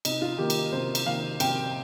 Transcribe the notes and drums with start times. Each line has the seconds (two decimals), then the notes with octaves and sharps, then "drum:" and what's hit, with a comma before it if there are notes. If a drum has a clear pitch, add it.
0.05 C3 D#4, drum: cymbal
0.22 F4
0.38 D#3 A#3 G4
0.50 drum: cymbal
0.72 C3 C5
0.95 drum: cymbal
1.06 D#3 A#3 F5
1.40 C3 G5, drum: cymbal